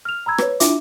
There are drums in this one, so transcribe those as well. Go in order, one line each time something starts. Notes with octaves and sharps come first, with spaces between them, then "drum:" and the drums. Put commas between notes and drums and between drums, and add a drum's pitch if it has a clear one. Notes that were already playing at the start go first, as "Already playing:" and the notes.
F6 F7
A#5 B5 E6 G#6
B4 C#5, drum: rim click
D4 E4 F4 E5 D6, drum: hi-hat